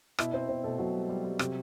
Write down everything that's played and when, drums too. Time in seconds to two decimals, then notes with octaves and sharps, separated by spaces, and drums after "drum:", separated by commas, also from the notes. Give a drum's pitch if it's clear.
0.19 B2 E4 E5, drum: rim click
0.33 B2 C4 C5
0.49 B2 C4 C5
0.63 B2 A3 A4
0.78 B2 F#3 F#4
0.94 G3
1.09 G3
1.24 G3
1.39 C3, drum: rim click